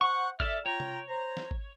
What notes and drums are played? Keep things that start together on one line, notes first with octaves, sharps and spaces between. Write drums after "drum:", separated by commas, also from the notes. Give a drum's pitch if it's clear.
C5 F#5 C#6
A4 D5 E5 F6, drum: kick G#1
F4 C#5 G5 A#5
drum: tom C3
C5 A#5
drum: snare
drum: kick G#1